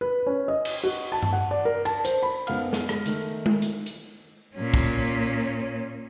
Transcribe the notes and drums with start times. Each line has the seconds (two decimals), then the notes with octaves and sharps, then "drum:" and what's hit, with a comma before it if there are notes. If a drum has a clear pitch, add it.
0.01 B4
0.27 C#4
0.48 D#5
0.65 drum: cymbal
0.84 F#4
1.12 A5
1.23 drum: tom G2
1.33 F#5
1.51 D5
1.65 A#4
1.85 A5, drum: cymbal
2.05 C5, drum: hi-hat
2.23 B5
2.47 B1 F#2 B3 F5 F#5 F6, drum: cymbal
2.73 drum: snare
2.89 G#3, drum: rim click
3.06 D#3 A3, drum: hi-hat
3.46 drum: tom G#3
3.62 drum: hi-hat
3.86 drum: hi-hat
4.56 A#2 C#4
4.74 drum: kick